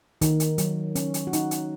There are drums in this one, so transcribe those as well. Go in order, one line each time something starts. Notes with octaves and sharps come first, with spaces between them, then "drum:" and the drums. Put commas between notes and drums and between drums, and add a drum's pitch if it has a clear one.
D#3, drum: kick, hi-hat
drum: hi-hat
F#3, drum: hi-hat
C#4, drum: hi-hat
drum: hi-hat
F#4
D#4, drum: hi-hat
drum: hi-hat